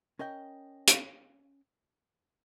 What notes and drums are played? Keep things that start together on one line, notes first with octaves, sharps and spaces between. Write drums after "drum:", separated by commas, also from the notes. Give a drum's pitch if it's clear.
C#4 A#4 D#5 G5
drum: hi-hat